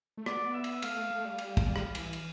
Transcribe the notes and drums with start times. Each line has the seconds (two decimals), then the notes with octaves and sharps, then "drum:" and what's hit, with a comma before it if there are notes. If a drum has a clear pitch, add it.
0.17 A3
0.26 B3 D5, drum: rim click
0.54 E5
0.64 drum: cymbal
0.82 A3 F5, drum: cymbal
0.97 A3
1.11 A3
1.25 G3
1.38 drum: cymbal
1.57 drum: kick, cymbal
1.76 drum: rim click
1.95 E3, drum: cymbal
2.13 drum: cymbal